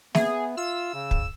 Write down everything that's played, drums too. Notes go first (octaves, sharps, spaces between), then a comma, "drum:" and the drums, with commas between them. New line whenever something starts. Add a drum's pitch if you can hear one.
B3 G#4 E5, drum: snare
F4 E6
C#3
drum: kick